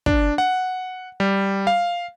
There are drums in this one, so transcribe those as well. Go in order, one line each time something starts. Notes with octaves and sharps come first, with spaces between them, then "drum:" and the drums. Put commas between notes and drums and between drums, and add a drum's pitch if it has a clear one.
D4, drum: kick
F#5
G3
F5